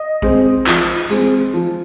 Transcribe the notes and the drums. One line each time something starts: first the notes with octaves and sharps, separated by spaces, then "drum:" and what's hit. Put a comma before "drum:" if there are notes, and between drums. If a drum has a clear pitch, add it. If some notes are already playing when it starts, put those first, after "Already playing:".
Already playing: D#5
G#3 C4, drum: kick A#1
F3, drum: clap
G#3 C4, drum: tambourine
F3